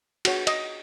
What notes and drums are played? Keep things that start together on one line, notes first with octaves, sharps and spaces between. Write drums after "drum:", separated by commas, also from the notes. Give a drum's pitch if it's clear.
F#4 C#5, drum: cymbal
D#5, drum: cymbal